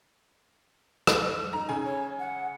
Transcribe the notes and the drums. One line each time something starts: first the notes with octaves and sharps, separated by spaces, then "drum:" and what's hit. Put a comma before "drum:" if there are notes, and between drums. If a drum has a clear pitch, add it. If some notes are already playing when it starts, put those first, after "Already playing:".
drum: rim click
D#4 A#5
C#3 G#5
C#5
F#5